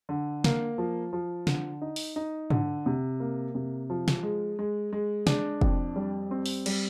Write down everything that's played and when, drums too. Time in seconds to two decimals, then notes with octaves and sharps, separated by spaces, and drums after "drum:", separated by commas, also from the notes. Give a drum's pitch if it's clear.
0.09 D3
0.44 A#3, drum: snare
0.78 F3
1.13 F3
1.47 D3, drum: snare
1.82 D#4
1.96 drum: open hi-hat
2.16 D#4
2.50 D3, drum: tom G#2
2.86 C3
3.20 A#3
3.55 C3
3.90 F3
4.08 drum: snare
4.23 G#3
4.59 G#3
4.93 G#3
5.27 D4, drum: snare
5.61 F2, drum: kick
5.96 G3
6.31 C4
6.46 drum: open hi-hat
6.66 G3, drum: cymbal